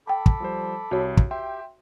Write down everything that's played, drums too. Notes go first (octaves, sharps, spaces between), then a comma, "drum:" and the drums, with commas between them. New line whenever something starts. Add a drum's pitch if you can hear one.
A4 G5 A5 B5 D6
drum: kick
F3 G3 C5
C2 F#4 C#5
drum: kick
G4 E5 G5 C6